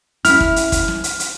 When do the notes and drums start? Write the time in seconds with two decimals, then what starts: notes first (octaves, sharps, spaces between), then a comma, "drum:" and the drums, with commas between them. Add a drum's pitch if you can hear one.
0.25 C#4 E4 F6, drum: hi-hat
0.40 drum: kick
0.56 drum: hi-hat
0.72 drum: kick, hi-hat
0.88 drum: snare
1.04 drum: hi-hat
1.20 drum: hi-hat